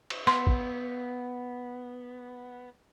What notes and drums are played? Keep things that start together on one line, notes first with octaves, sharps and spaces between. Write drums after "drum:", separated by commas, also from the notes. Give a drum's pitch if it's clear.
drum: cymbal
B3 C6
drum: kick